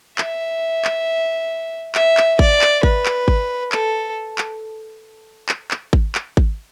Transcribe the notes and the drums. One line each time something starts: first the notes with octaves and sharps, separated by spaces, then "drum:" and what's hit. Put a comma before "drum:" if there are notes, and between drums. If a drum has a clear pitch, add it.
E5, drum: clap
drum: clap
E5, drum: clap
drum: clap
D5, drum: kick G#1
drum: clap
B4, drum: kick G#1
drum: clap
drum: kick G#1
A4, drum: clap
drum: clap
drum: clap
drum: clap
drum: kick G#1
drum: clap
drum: kick G#1